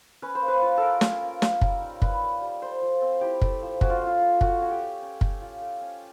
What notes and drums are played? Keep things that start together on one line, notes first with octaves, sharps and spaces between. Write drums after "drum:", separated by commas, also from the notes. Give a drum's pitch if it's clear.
C#4 B4
C5
A#3
B4
F4
A#3 A4 A#4
C#4, drum: snare
A#3
A#3, drum: snare
G3, drum: kick
D#4
G3 B4, drum: kick
A#3
G3
A3 C5
F3
C4
E4 G4
A3, drum: kick
F3
C#4 F#4, drum: kick
F4
A3
F4
F4
A3 F#4, drum: kick
C#4 F#4
G4
A3
C#4
A3, drum: kick
F4
A3
C#4